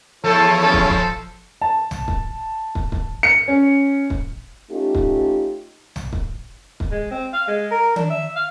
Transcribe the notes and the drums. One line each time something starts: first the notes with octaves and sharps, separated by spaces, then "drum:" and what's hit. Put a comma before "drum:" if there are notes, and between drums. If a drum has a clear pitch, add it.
E2 F3 E4 A4 C#5
C#4 A4
drum: kick
drum: kick
A5
drum: tom A#1
drum: kick
drum: kick
drum: kick
C#7
C#4
drum: kick
A3 C#4 D#4 F4 G4
drum: kick
drum: tom A#1
drum: kick
drum: kick
G#3
C4
F5
G#3
A#4
D4, drum: tom D#3
E5
F5